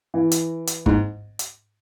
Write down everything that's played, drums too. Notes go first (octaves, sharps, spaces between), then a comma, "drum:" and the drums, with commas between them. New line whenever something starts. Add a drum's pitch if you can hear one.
E3
drum: hi-hat
drum: hi-hat
G#2, drum: kick G1
drum: hi-hat